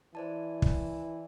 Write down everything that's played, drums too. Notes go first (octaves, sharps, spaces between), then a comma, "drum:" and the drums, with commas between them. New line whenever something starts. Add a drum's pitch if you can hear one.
E3 C5 D5 A5
drum: kick